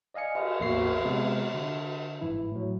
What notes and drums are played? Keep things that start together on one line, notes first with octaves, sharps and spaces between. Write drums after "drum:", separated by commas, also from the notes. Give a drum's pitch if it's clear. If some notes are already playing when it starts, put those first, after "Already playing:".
D5 D#5 F5 G#5 C#7
drum: cymbal
A1 E2 A#3 F#4 C#6 C7
drum: cymbal
C3 G#3 B3
D3
G1 G#2 E3 E4
A2 F#3